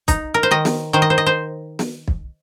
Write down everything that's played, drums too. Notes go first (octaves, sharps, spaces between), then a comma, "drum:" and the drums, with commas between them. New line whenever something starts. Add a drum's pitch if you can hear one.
D#4, drum: kick, hi-hat
A#4
C5
D#3 D#5
drum: snare
D#3 C5
D#5
C5
D#5
C5
drum: snare
drum: kick